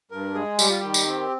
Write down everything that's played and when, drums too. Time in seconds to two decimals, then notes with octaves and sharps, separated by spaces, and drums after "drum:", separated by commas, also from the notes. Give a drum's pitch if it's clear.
0.11 G2 A#4
0.34 G#3 G#4
0.59 G3 G4, drum: tambourine
0.69 F4
0.80 D#3 G4
0.94 drum: tambourine
1.06 C4